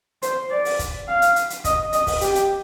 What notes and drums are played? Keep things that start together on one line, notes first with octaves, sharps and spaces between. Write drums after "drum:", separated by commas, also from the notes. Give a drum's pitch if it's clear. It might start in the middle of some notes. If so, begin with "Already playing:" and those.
C5, drum: hi-hat
D5
drum: open hi-hat
drum: kick, hi-hat
F5
drum: hi-hat
drum: hi-hat
drum: hi-hat
D#5, drum: kick, hi-hat
D#5, drum: hi-hat
drum: kick, open hi-hat
G4, drum: hi-hat
drum: hi-hat